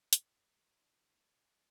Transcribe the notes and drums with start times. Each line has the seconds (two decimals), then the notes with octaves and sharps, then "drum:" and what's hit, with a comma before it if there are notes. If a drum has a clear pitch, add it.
0.13 G#2, drum: hi-hat
0.75 A#3 D4 E4 G#4 A4 D5